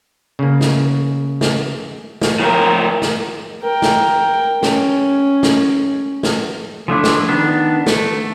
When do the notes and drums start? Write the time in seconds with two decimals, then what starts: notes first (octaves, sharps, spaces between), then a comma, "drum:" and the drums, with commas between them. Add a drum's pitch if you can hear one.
0.39 C#3 A#3
0.61 drum: snare
1.41 drum: snare
2.21 drum: snare
2.40 A2 F3 A#4 G5
3.02 drum: snare
3.62 A#4 G5
3.82 drum: snare
4.63 C#4, drum: snare
5.43 drum: snare
6.23 drum: snare
6.88 F3 A3 D4 E4
7.04 drum: snare
7.29 D#3 B3 D4
7.86 A3, drum: snare